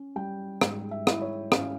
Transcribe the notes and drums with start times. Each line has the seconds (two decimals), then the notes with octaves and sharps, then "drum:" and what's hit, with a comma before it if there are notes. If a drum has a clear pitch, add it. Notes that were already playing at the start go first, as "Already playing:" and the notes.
Already playing: C#4
0.16 G3 G5
0.61 G#2, drum: rim click
0.91 E5
1.07 E4, drum: rim click
1.22 C#5
1.52 C#4 F5, drum: rim click